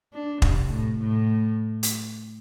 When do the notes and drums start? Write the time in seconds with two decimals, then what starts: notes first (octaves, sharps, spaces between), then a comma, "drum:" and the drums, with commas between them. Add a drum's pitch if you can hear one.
0.14 D4
0.42 C3, drum: kick
0.70 A2
0.99 A2
1.83 drum: hi-hat